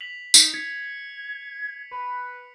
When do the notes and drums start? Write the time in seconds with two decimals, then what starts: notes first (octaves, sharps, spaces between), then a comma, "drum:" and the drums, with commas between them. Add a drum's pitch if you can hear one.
0.01 B6 F7 F#7
0.34 D#4, drum: tambourine
0.54 G#6 B6 C#7
1.91 B4